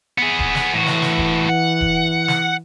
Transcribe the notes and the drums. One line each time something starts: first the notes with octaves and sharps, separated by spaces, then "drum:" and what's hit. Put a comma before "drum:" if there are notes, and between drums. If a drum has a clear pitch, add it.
B3 G#4
drum: kick D#1
drum: snare
A2 E3 F#4
drum: snare
drum: snare
drum: kick D#1
F#5
drum: kick D#1
drum: snare